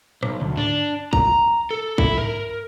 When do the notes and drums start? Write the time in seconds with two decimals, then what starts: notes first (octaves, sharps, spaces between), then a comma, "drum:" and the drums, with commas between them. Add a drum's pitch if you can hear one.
0.23 B1, drum: rim click
0.41 D2
0.57 D4, drum: tom G2
1.13 A#5, drum: kick
1.71 A4
1.98 E4, drum: kick
2.18 A#4, drum: tom G2